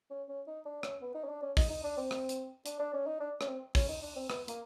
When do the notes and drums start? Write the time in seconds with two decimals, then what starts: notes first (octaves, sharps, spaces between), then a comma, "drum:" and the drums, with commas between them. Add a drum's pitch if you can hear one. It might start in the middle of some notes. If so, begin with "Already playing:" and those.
0.10 C#4
0.29 C#4
0.47 D#4
0.65 D4
0.83 C#4, drum: rim click
1.02 B3
1.15 D#4
1.24 C#4
1.29 D4
1.42 C#4
1.57 D#4, drum: kick, open hi-hat
1.70 D#4
1.83 D4
1.97 C4
2.11 drum: rim click
2.29 drum: hi-hat
2.66 D4, drum: hi-hat
2.79 D4
2.94 C#4
3.07 D#4
3.20 D4
3.41 C#4, drum: rim click
3.47 C4
3.75 C#4, drum: kick, open hi-hat
3.89 D#4
4.02 D4
4.16 C4
4.30 B3, drum: rim click
4.48 A#3, drum: hi-hat